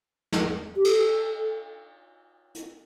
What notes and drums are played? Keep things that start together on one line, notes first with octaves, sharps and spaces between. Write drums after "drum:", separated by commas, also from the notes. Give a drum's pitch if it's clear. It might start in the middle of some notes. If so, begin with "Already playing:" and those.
drum: snare
G4
A4, drum: cymbal
drum: hi-hat